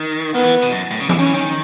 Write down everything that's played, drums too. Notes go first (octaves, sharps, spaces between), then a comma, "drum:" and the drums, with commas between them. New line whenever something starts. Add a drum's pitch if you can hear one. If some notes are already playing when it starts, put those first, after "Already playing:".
Already playing: D#3
D#3 B3
E3
B2
F#2
A2
C#3
E3, drum: tom E3
D#3 C#4
E3
D#3